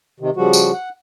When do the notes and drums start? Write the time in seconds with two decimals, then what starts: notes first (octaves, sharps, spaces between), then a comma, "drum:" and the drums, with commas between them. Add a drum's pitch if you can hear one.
0.20 C3 D#3
0.37 C#3 F3 G3 F#4
0.53 drum: tambourine
0.73 F#5